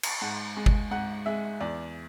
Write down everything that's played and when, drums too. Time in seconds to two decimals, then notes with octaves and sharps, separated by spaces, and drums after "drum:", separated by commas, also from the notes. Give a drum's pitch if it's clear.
0.03 drum: cymbal
0.22 G#2 F#5
0.57 G#3
0.66 drum: kick G1
0.91 G#2 F#5
1.26 G#3 E5
1.60 E2 D5